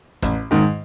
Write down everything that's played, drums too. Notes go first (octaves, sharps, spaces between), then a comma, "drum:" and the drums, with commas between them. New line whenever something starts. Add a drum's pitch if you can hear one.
A1, drum: kick, hi-hat
G#2 D#3